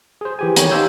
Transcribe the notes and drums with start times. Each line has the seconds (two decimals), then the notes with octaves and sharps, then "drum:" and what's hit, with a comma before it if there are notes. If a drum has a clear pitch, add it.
0.21 G#4 C5
0.39 E3 G4 G#5
0.56 D#3 C#5, drum: hi-hat
0.71 D#4 G4 F5 C6 E6 G6